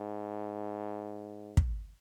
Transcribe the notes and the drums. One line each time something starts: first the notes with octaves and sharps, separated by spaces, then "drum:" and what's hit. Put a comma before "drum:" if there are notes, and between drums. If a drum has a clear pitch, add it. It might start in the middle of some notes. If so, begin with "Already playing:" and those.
Already playing: G#2
drum: kick